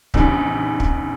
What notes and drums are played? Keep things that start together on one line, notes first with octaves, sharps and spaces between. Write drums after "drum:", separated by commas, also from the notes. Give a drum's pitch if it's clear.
A#1 E2 C#3 D#4 G4, drum: kick
drum: kick